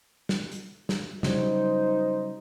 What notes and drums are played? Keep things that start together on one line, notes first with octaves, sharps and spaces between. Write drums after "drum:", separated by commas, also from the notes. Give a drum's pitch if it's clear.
drum: snare
drum: hi-hat
drum: snare
C#3 F#3 G3 D#4 C5, drum: snare